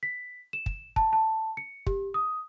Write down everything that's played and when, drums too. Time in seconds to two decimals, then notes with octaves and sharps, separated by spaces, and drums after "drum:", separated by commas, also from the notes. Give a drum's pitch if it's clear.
0.03 B6
0.53 E7
0.66 drum: kick
0.96 A5, drum: kick
1.13 A5
1.57 C#7
1.87 G4, drum: kick
2.14 D#6